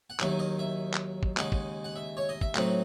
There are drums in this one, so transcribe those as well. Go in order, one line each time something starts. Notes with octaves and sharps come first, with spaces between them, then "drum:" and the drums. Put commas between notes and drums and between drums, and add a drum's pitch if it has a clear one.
F#5
D#2 D#3 F#3 E5, drum: clap
D#5
E5
drum: clap
drum: kick
D#2 C#3 G#3 D#4 F#5, drum: clap
drum: kick
F#5
E5
C#5
D#5
E5, drum: kick
A2 F#3 C4 D#4 F#5, drum: clap